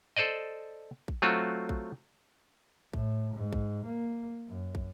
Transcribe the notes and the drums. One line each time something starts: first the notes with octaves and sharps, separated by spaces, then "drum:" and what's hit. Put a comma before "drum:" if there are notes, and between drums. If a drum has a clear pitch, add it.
A4 C5 D5 D#5
drum: kick
F#3 A3 C4 F4 F#4
drum: kick
A2, drum: kick
G#2
drum: kick
A#3
F#2
drum: kick